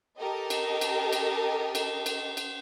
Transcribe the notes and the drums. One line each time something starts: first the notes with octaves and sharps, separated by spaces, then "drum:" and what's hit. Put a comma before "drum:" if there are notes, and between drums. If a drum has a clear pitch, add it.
G4 A4 A#4 D#5
drum: cymbal
drum: cymbal
drum: cymbal
drum: cymbal
drum: cymbal
drum: cymbal